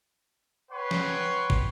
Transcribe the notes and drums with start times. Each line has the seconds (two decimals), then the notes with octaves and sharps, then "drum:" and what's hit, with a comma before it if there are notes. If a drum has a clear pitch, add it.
0.71 B4 C#5 F#5 G5 C6 C#6
0.91 drum: snare
1.50 drum: kick